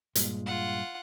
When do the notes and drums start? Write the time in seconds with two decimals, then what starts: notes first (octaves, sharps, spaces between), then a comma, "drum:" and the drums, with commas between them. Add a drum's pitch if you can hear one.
0.15 G2 A#2 G#3, drum: hi-hat
0.46 F4 F#5